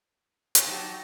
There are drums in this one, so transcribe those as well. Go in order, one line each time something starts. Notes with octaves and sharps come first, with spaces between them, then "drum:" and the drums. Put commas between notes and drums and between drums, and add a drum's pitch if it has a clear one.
drum: hi-hat
F#3 D#4 G4 C#5 A5